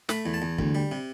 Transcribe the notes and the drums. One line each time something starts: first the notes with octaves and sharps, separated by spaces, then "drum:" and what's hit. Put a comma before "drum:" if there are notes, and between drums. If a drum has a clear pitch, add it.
A3 B5, drum: snare
E2
A5
E2
D2, drum: kick
G3
C3